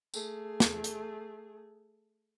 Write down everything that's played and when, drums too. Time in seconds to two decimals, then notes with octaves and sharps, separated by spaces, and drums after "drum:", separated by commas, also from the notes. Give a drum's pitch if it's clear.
0.14 A3 G#4, drum: tambourine
0.60 drum: snare
0.84 drum: hi-hat